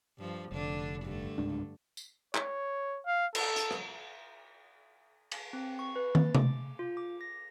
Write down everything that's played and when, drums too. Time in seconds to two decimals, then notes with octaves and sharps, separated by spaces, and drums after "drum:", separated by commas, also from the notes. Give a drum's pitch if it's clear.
0.18 G2 F3
0.52 F1 D3 D4
1.03 G2 D3 A3
1.38 C#2 G#2 D4
1.97 drum: tambourine
2.35 C#5, drum: clap
3.06 F5
3.35 A4, drum: cymbal
3.56 drum: hi-hat
3.71 drum: rim click
5.32 drum: cymbal
5.53 C4
5.79 C#6
5.96 B4
6.15 A6, drum: tom
6.35 D6, drum: tom C3
6.79 F4
6.97 D6
7.21 A#6